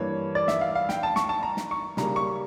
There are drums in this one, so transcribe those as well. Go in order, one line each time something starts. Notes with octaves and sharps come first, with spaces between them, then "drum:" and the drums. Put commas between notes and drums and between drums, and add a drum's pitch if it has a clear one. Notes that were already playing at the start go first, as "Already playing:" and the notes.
Already playing: G2 E3 A#3 C#5
D5
E5, drum: snare
F5
F5
G5, drum: snare
A5
C#6, drum: snare
A5
A#5
drum: snare
C#6
C#3 G3 A#3 A#5, drum: snare
C#6